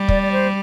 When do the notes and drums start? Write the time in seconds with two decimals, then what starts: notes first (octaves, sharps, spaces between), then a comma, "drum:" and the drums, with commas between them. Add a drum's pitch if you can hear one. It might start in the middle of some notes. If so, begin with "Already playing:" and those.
Already playing: G3
0.08 D5, drum: kick
0.22 D5
0.32 C5